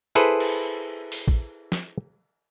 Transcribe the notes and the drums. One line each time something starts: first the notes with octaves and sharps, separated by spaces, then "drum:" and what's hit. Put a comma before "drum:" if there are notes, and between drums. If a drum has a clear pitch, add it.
E4 G#4 A4 B4 C5
drum: cymbal
drum: open hi-hat
drum: kick
drum: snare